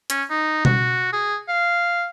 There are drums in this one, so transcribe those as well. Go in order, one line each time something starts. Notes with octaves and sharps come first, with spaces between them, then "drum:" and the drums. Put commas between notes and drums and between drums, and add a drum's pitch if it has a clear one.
C#4, drum: hi-hat
D#4
F#4, drum: tom B2
G#4
F5